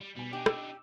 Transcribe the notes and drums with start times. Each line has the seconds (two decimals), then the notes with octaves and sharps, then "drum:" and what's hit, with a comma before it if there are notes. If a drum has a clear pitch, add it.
0.01 G3
0.16 B2 G3 G#5
0.33 D4 D#4 G4
0.46 E6, drum: rim click